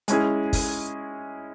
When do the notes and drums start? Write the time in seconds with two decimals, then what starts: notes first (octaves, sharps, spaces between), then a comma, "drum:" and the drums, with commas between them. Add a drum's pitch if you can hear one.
0.08 G#3 C#4 E4 G#4, drum: hi-hat
0.53 drum: kick, open hi-hat